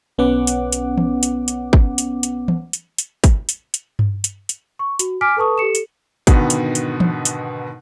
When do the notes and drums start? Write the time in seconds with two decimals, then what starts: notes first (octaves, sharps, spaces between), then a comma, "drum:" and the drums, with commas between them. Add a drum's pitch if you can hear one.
0.18 B1 B3 C#4 F#5 D6
0.47 drum: hi-hat
0.72 drum: hi-hat
0.98 drum: tom E3
1.23 drum: hi-hat
1.48 drum: hi-hat
1.73 drum: kick
1.98 drum: hi-hat
2.23 drum: hi-hat
2.48 drum: tom E3
2.73 drum: hi-hat
2.98 drum: hi-hat
3.24 drum: kick, hi-hat
3.49 drum: hi-hat
3.74 drum: hi-hat
3.99 drum: tom G2
4.24 drum: hi-hat
4.49 drum: hi-hat
4.79 C#6
4.99 F#4, drum: hi-hat
5.21 G#5 D6 F6 B6 D7
5.37 A4 B4 A5 C#6 D#6
5.58 G4 A4 C#7 E7
5.75 drum: hi-hat
6.27 G#2 B2 D3 D#3 B3, drum: kick, hi-hat
6.50 drum: hi-hat
6.75 drum: hi-hat
7.00 drum: tom E3
7.25 drum: hi-hat